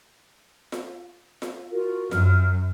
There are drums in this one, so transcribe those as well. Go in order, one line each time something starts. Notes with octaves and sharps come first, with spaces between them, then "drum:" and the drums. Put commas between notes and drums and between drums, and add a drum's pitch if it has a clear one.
drum: snare F4
drum: snare F4
F4 F#4 A#4
F#2 F6, drum: snare F4